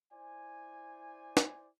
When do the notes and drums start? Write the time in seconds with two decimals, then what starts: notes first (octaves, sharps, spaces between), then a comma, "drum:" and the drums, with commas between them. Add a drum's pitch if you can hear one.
0.12 E4 C5 D5 G#5
1.37 drum: snare